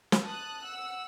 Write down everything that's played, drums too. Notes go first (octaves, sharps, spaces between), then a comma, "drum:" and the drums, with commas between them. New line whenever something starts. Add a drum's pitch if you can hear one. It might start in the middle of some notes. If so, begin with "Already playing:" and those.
drum: snare
A5 D#6 F#6
F#5 E6